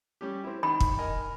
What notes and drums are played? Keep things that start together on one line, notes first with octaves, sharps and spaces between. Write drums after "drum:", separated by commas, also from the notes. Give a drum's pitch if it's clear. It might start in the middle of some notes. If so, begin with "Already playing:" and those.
G3 C#4 G4
C4 E4
D#3 B5
drum: kick
A#4 D#5 G#5